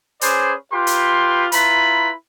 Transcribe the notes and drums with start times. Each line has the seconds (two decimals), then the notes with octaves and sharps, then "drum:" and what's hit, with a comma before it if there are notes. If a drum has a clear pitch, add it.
0.21 C#4 G#4 B4 C5 D5, drum: hi-hat
0.72 F4 G4 B4 G5 C6
0.87 drum: hi-hat
1.52 E4 F4 B4 A#5 B5, drum: hi-hat